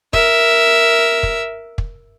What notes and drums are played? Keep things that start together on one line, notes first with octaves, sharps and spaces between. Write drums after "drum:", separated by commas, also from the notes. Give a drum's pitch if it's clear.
A#4 E5, drum: kick
drum: kick
drum: kick